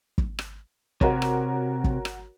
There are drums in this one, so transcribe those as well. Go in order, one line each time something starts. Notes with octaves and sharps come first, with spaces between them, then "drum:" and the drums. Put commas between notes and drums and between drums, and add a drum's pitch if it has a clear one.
drum: kick
drum: rim click
C3 F#4 A#4 C#5, drum: kick
drum: rim click
drum: kick
drum: rim click